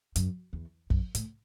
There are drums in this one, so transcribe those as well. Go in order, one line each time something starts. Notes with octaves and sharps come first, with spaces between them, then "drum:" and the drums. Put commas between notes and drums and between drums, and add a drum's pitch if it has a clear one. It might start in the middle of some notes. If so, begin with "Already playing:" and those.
F#2, drum: hi-hat
E2
F#2, drum: kick
A2, drum: hi-hat